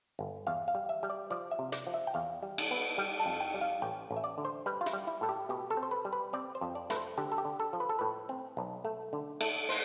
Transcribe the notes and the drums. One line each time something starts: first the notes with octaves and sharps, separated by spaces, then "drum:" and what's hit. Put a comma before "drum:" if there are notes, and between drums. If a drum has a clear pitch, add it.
G1
E2 F5
F5
G3
E5
G3
D5
F3 D5
E5
C3
D5, drum: hi-hat
F3
E5
G5
E2 F5
G3
drum: cymbal
B3
G3 G5
A5
F2
G5
G3
F5
A1 G5
A1
E5
D5
D3
C5
G3 B4
F4
E4, drum: hi-hat
G3
E4
A2 A4
G4
B2 G4
A4
C4
C5
B4
G3
B4
C4 D5
C5
F2
D5
A3 B4, drum: hi-hat
C5
D3 G4
A4
G4
D3
A4
F3
B4
A4
A2 B4
C4
B1
A3
D3
A3, drum: cymbal
C5, drum: open hi-hat